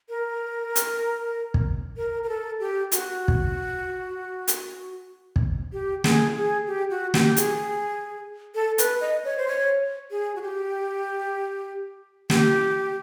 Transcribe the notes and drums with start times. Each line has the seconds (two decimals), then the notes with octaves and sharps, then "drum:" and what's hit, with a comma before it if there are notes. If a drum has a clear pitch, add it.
0.09 A#4
0.76 drum: hi-hat
1.54 drum: kick
1.97 A#4
2.24 A#4
2.29 A4
2.60 G4
2.92 F#4, drum: hi-hat
3.28 drum: kick
4.48 drum: hi-hat
5.36 drum: kick
5.73 G4
6.04 G#4, drum: snare
6.36 G#4
6.67 G4
6.90 F#4
7.14 G4, drum: snare
7.37 G#4, drum: hi-hat
8.55 A4
8.78 B4, drum: hi-hat
9.01 D#5
9.25 C#5
9.37 C5
9.48 C#5
10.11 G#4
10.36 F#4
10.42 G4
12.30 G4, drum: snare